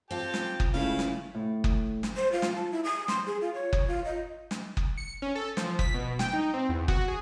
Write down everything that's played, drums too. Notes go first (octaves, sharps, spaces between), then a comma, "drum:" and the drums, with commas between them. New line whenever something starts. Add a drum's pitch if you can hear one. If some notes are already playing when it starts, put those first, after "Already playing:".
C4 F4 G4 A4
drum: snare
drum: kick F#1
C#2 C#3 A3 C#4 E4 F5
drum: snare
A2
drum: kick F#1
drum: snare
C5
F4
drum: snare
A5
E4
D#6
C6, drum: snare
G#4
F4
C#5
drum: kick F#1
F4
D#5
drum: snare
drum: kick F#1
C#7
C#4
A4
F3, drum: snare
B6, drum: kick F#1
B2
G5, drum: snare
D#4
C4
E2
F#4, drum: kick F#1
G#4